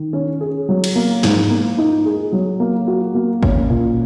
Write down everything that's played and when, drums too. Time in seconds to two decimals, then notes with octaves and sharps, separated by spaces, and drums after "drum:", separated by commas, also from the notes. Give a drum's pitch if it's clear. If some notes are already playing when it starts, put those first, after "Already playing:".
Already playing: D#3
0.13 C#4
0.41 G#4
0.69 F#3
0.84 drum: cymbal
0.95 A#3
1.23 G#2, drum: snare
1.51 A#3
1.78 D#4
2.06 G#4
2.32 F#3
2.60 A#3
2.87 F#4
3.14 A#3
3.43 C#4, drum: kick G#1
3.70 A#2